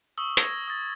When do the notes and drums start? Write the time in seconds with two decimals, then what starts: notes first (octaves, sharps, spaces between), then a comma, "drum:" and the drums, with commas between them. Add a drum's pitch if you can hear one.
0.18 C#6 D#6 E6
0.37 G#6 A#6, drum: hi-hat
0.68 D#6 A6